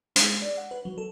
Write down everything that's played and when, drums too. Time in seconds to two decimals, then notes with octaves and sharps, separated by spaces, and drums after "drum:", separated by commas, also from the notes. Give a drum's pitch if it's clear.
0.16 G#3, drum: hi-hat
0.42 D5
0.57 F#5
0.71 B4
0.85 F#3
0.98 A4